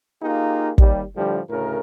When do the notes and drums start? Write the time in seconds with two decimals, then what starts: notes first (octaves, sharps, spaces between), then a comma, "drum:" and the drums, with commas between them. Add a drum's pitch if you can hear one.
0.22 A#3 D#4 F4 G4 G#4
0.78 D#2 G3, drum: kick
1.16 A2 D3 F3 G3
1.49 D2 A2 C#3 A#4